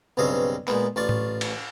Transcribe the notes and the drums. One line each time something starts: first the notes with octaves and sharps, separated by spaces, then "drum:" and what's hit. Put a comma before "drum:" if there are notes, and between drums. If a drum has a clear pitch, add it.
B1 G2 C#3 C4 D#5 F5
A#2 G#3 B3, drum: clap
A1 F4 D5 C#6
drum: tom A2
drum: cymbal